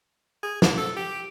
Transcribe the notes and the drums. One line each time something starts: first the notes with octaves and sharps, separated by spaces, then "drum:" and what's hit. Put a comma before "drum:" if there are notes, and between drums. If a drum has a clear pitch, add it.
G#4
F3, drum: snare
A4
G4